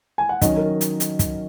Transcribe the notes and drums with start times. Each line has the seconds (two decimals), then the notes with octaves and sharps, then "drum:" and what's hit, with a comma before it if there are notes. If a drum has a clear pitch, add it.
0.18 G#5
0.29 F#5
0.42 D#3 F#3 C#4 D#5, drum: kick, hi-hat
0.57 A#4
0.81 drum: hi-hat
1.00 drum: hi-hat
1.19 drum: kick, hi-hat